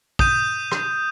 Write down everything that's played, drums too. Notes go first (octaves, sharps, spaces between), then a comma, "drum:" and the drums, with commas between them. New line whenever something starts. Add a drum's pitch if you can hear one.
D#6 G6 D#7, drum: kick
drum: rim click